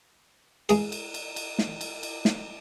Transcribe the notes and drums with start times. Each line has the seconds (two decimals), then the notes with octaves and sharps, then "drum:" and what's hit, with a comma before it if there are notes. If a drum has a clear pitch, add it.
0.69 G#3 G#4, drum: cymbal
0.92 drum: cymbal
1.14 drum: cymbal
1.36 drum: cymbal
1.59 drum: snare
1.81 drum: cymbal
2.03 drum: cymbal
2.25 drum: snare